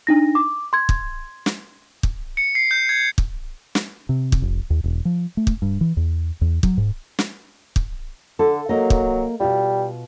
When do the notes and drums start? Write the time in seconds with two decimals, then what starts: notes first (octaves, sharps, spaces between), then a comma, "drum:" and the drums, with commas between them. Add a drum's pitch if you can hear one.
0.07 D4 D#4 A#6
0.35 D6
0.73 C6 G#6
0.89 drum: kick
1.46 drum: snare
2.03 drum: kick
2.37 C#7
2.55 C7
2.71 G6
2.89 G#6
3.18 drum: kick
3.75 drum: snare
4.09 C3
4.32 drum: kick
4.42 F1
4.70 D#2
4.84 E1
5.05 F3
5.37 A3
5.47 drum: kick
5.62 G2
5.81 E3
5.97 E2
6.41 E2
6.63 F#3, drum: kick
6.77 G#2
7.19 drum: snare
7.76 drum: kick
8.39 D3 A4
8.69 F#3 A#3 D#5
8.90 drum: kick
9.40 B2 G3 F4